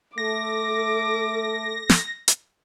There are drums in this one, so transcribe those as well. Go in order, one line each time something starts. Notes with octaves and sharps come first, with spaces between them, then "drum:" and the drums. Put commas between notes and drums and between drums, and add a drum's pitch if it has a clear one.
A3 A4 D6 A#6
drum: snare
drum: hi-hat